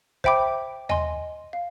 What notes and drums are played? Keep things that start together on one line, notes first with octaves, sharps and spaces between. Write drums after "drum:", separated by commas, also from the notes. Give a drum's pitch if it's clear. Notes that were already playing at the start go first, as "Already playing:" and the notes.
C5 E5 G5 B5 D6, drum: kick
D#5 G#5 C6, drum: tom D#2
F5